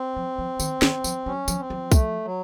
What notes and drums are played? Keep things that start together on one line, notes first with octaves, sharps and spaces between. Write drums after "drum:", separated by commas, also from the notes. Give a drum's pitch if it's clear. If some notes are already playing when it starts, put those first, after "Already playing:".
Already playing: C4
F3
F3
D#3, drum: tambourine
D#3, drum: snare
F3, drum: tambourine
F#3 C#4
F3, drum: tambourine
C4
F3
A3, drum: kick B1, tambourine
F#3